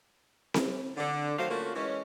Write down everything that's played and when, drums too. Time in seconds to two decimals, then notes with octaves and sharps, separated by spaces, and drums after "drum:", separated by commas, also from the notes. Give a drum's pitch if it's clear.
0.54 drum: snare C4
0.97 D3
1.38 D#3 F#3 A3 C5 F5
1.50 A3 A#3 C#4 F4 F#4
1.75 E3 G#3 C#4